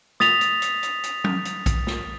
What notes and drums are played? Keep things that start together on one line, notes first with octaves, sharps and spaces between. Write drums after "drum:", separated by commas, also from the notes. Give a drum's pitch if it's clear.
D#6 A6 B6 F7, drum: snare
drum: hi-hat
drum: hi-hat
drum: hi-hat
drum: hi-hat
drum: tom
drum: hi-hat
drum: kick A#1, hi-hat
drum: snare